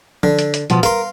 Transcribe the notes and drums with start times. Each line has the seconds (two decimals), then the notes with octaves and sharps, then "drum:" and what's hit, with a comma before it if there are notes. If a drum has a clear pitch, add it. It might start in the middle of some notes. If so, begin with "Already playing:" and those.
0.23 D3, drum: tom F3
0.39 drum: hi-hat
0.54 drum: hi-hat
0.70 B2 F3 B3, drum: hi-hat
0.83 A#4 F5 C6, drum: hi-hat